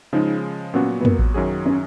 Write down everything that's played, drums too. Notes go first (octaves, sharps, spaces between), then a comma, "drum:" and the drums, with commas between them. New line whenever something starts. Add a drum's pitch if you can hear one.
C#3 F3 G#3 D#4
A#2 F#3 B3 C#4 F#4
B3
A#3, drum: tom
drum: kick A1
F#2 D#3 F#3 C#4 G#4
C#4